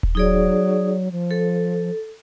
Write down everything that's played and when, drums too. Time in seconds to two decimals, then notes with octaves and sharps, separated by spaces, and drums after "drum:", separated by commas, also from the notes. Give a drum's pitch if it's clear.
0.03 drum: kick D#1
0.15 F#3 D#4 G#4 D5
1.12 F3
1.31 A4